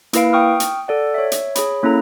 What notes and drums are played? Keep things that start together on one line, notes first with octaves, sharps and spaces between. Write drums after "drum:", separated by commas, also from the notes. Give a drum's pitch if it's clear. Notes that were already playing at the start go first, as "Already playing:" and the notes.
A#3 E4 B4 F5 D7, drum: hi-hat
G5 C#6 D#6 F6
drum: hi-hat
A4 D5 F#5
C#5 E5
drum: hi-hat
G#4 C#5 B5, drum: hi-hat
A#3 C#4 E4 A4 A#5